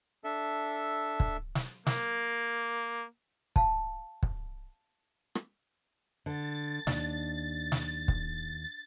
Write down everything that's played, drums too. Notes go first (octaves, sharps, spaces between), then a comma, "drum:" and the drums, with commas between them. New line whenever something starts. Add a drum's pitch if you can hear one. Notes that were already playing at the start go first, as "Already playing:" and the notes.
D4 A4 E5
drum: kick
drum: snare
A#3, drum: snare
F5 A5, drum: kick
drum: kick
drum: rim click
D3 A6
D#2 D4, drum: snare
drum: snare
drum: kick